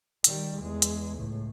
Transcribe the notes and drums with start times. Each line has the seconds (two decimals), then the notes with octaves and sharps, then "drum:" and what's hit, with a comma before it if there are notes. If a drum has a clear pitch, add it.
0.24 D#3 G3, drum: hi-hat
0.61 E2 G#3
0.82 drum: hi-hat
1.17 C#2 A2